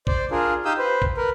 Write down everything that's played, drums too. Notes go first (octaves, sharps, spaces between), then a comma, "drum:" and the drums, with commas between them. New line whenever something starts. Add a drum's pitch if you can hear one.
C5 D5, drum: kick
D4 F4 G#4 A#4
D#4 G4 F5 D#6 E6 G6
B4 C5
drum: kick
A#4 B4